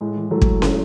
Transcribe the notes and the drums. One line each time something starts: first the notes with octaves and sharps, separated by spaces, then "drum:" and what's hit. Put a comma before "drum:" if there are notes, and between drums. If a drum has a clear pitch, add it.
A2 G#3
E3
A2 F#3 A3
drum: kick
drum: snare